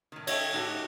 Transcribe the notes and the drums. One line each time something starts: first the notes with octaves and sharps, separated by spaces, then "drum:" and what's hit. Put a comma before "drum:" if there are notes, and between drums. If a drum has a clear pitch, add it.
A2 D#3
C#5 D#5 E5 G5, drum: cymbal
A2 D#4 F#4 G4